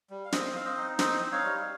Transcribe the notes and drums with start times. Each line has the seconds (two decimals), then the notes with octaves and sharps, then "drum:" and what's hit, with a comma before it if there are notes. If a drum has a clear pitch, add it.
0.10 G3
0.25 F5
0.32 C4 C5 D#5, drum: snare
0.55 C4 F5
0.65 C5 D#5
0.77 D#4
0.99 C4 C5 D#5, drum: snare
1.21 D#4
1.32 C#5 F5
1.44 G3